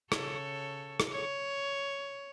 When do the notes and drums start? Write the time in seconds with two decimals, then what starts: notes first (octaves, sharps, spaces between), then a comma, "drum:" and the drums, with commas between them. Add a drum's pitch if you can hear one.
0.12 C#3 A4 C#5, drum: rim click
1.00 drum: rim click
1.12 C#5